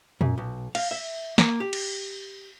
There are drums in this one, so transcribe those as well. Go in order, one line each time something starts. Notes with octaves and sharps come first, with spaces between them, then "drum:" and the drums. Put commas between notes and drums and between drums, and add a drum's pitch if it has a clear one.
F#2, drum: tom A#2
B1
F5, drum: cymbal
E5
A#3, drum: snare
G4
drum: cymbal